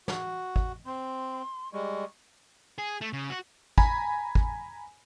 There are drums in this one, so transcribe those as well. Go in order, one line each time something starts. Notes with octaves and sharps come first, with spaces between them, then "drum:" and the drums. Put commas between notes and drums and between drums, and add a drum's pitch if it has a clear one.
F#4, drum: snare
drum: kick
C4 C6
G3 G#3 C#6
G#4
A3
C#3
F#4
G#5 A#5 B5, drum: kick
drum: kick